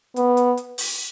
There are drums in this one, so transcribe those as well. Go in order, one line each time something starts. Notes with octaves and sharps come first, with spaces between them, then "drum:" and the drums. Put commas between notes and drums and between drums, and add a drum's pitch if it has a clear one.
B3, drum: hi-hat
drum: hi-hat
drum: hi-hat
drum: open hi-hat